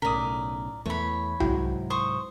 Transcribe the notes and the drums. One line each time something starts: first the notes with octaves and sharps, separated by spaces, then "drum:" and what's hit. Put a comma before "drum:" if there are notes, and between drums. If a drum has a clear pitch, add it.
B1 A2 C#3 A#4 D5 D#6 B6
E2 E3 A3 C#5 B5
G#2 C3 F#3 E4 F#4 G5, drum: tom C2
C5 C#6 D#6